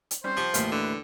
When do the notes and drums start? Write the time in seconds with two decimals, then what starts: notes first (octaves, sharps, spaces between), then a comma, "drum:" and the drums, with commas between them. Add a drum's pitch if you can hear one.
0.11 drum: hi-hat
0.24 G3 C4 C#4 C5
0.37 F3 G4 C#6
0.54 A1 D#2 A#3 E5 F5 C6, drum: hi-hat
0.72 D3 B4